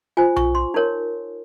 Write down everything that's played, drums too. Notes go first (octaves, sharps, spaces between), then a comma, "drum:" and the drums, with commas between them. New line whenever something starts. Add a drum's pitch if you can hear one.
F4 C5 G#5
C#6, drum: tom B1
C6
D#4 A#4 C#5